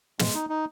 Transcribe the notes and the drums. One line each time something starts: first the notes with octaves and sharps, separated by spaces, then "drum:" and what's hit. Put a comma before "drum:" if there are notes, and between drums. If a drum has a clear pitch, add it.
G#3, drum: snare
D#4
D#4